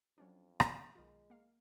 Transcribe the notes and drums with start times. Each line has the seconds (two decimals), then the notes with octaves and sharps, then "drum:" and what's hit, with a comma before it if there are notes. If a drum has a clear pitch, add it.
0.18 F2 F#3 C#4 D4
0.60 G5, drum: rim click
0.95 B1 D#3 G#3 F4
1.30 A#3 F5